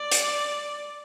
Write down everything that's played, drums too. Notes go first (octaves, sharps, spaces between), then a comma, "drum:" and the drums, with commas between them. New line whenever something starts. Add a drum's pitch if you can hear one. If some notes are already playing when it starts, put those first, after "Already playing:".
Already playing: D5
drum: hi-hat